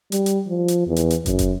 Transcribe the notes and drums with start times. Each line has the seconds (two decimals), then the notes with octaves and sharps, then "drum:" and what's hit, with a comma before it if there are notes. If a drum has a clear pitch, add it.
0.12 G3, drum: hi-hat
0.26 drum: hi-hat
0.48 F3
0.68 drum: hi-hat
0.87 E2
0.96 drum: hi-hat
1.10 drum: hi-hat
1.26 F#2, drum: kick, hi-hat
1.39 drum: kick, hi-hat